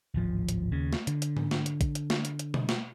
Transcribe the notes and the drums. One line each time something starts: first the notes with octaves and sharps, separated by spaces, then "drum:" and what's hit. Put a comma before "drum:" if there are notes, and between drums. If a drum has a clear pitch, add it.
D1 G#1 F3
drum: hi-hat
D#2 C#3
drum: snare
D3, drum: hi-hat
drum: hi-hat
drum: tom G#2
drum: snare
drum: hi-hat
drum: kick, hi-hat
drum: hi-hat
drum: snare
drum: hi-hat
drum: hi-hat
drum: tom B2
drum: snare